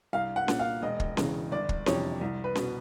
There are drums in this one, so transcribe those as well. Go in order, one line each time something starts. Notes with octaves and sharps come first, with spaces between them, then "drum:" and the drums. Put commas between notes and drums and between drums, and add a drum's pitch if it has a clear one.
C2 F5
F#5
A#2, drum: snare C#4
F5
E1 D#5
drum: kick
E2 C#3 E3, drum: snare C#4
G1 D5
drum: kick
F2 C3 E3 C#5, drum: snare C#4
C2
B4
B2, drum: snare C#4